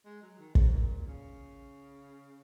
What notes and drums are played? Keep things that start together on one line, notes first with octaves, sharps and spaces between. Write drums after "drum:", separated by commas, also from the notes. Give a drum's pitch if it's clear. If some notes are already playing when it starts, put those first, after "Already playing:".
G#3
F#3
D#3
G#2, drum: kick
A#2
C#3